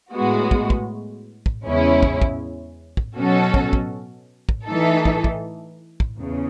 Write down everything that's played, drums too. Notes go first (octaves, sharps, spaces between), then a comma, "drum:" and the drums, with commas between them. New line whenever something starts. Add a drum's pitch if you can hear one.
A2 G#3 B3 F#4
drum: kick
drum: kick
drum: kick
E2 C#3 G#3 C#4 E4
drum: kick
drum: kick
drum: kick
B2 F#3 C#4 F#4 A4
drum: kick
drum: kick
drum: kick
E3 A3 D#4 A4
drum: kick
drum: kick
drum: kick
E2 C#3